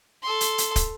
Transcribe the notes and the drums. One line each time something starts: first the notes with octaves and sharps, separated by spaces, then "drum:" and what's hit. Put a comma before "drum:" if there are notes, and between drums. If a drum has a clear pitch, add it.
A4 C6
drum: hi-hat
drum: hi-hat
drum: kick, hi-hat